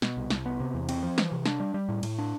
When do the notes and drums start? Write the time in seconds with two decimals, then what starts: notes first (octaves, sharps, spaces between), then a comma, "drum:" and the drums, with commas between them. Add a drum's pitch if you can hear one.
0.02 B2, drum: snare
0.17 C2
0.30 C2, drum: snare
0.46 B3
0.60 C3
0.74 E2
0.89 C4, drum: cymbal
1.03 F3
1.18 E3, drum: snare
1.32 C3
1.45 D4, drum: snare
1.60 G3
1.74 G3
1.89 A2
2.03 A2, drum: cymbal
2.18 D4